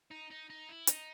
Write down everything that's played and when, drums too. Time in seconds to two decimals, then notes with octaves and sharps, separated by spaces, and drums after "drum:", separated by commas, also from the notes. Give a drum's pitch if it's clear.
0.11 D#4
0.31 D#4
0.50 D#4
0.69 E4
0.87 D#4, drum: hi-hat